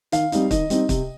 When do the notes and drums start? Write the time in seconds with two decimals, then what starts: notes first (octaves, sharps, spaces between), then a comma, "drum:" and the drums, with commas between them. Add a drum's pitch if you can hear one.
0.12 D#3 F5, drum: hi-hat
0.32 G3 C4 D#4, drum: hi-hat
0.51 D#3 D#5, drum: kick, hi-hat
0.70 G3 C4 D#4, drum: hi-hat
0.89 C3, drum: kick, hi-hat